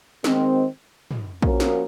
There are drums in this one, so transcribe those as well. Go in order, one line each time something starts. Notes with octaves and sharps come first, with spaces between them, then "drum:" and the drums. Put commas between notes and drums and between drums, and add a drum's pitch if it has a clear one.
D#3 G#3 C4, drum: snare
drum: tom
F3 A#3 C#4 F#4 A#4, drum: kick A#1
drum: snare